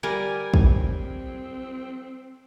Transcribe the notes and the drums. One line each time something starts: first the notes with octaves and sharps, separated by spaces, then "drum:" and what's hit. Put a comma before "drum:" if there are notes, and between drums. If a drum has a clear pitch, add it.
G3 A#4 D5 G#5
drum: kick
C4